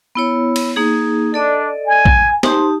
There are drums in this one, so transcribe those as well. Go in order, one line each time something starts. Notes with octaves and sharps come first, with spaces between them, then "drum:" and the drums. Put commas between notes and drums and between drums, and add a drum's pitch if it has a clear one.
B3 E4 C#5
drum: cymbal
A#3 D#4 G#4
D4 A4 D5 D#5
G#5
drum: kick
D#4 G4 C5 A5, drum: snare